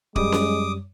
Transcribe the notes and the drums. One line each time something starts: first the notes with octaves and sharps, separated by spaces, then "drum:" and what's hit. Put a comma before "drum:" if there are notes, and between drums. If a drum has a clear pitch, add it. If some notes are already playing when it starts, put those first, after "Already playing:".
F#2 G3 G#3 D6 D#6, drum: kick D1
drum: snare C#4